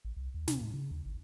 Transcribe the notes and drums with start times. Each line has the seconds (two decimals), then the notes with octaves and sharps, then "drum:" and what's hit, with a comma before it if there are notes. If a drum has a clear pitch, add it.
0.05 A1
0.17 C2
0.34 D#2
0.48 C3, drum: snare
0.61 A2
0.74 C#3
0.91 D#2
1.06 G#1